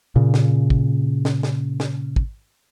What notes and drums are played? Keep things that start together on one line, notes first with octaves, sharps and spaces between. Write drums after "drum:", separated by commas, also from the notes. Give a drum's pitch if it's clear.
A#2 C#3
drum: snare
drum: kick
drum: snare
drum: snare
drum: snare
drum: kick